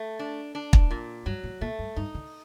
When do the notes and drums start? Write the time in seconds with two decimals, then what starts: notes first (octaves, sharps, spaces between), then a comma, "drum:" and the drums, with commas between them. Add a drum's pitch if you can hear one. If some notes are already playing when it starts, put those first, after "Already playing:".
Already playing: A3
0.19 D4
0.55 D4
0.73 drum: kick
0.91 A#2
1.26 G2 F#3
1.44 A2
1.61 A#2 A3
1.79 G2
1.96 G2 D#4
2.15 D3